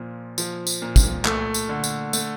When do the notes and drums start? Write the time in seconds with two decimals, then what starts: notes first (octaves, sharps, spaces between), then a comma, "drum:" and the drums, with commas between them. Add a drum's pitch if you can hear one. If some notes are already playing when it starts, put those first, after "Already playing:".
Already playing: A#2 F3
0.38 F3, drum: tambourine
0.67 drum: tambourine
0.82 A#2
0.96 drum: kick, tambourine
1.25 A3, drum: clap
1.54 drum: tambourine
1.69 D3
1.84 drum: tambourine
2.13 A3, drum: tambourine